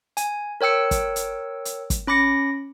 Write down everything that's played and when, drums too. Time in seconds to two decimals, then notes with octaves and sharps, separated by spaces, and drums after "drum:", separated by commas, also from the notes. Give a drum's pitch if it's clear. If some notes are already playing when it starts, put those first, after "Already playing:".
0.17 G#5, drum: hi-hat
0.61 A#4 C#5 G5 E6 C#7
0.91 drum: kick G1, hi-hat
1.16 drum: hi-hat
1.65 drum: hi-hat
1.90 drum: kick G1, hi-hat
2.07 C#4 B5 D6 A#6 C#7